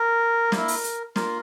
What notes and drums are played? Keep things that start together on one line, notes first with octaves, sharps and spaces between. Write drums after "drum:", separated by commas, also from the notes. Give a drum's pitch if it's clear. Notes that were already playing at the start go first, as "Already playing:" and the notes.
Already playing: A#4
A#3 E4, drum: snare
drum: open hi-hat
drum: hi-hat
A#3 F4 A#4, drum: snare